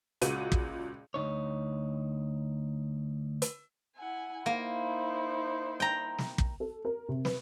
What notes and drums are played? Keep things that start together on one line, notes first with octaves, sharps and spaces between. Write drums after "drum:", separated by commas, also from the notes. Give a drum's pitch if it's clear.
C#2 A#2 F#4 D#7, drum: hi-hat
drum: kick
D2 C#3 D#4 C#5
drum: hi-hat
E4 F#5 G#5
A#3 D#4 E4 C5
G5 A#5
drum: snare
drum: kick
A4
A#4
C3
B4, drum: snare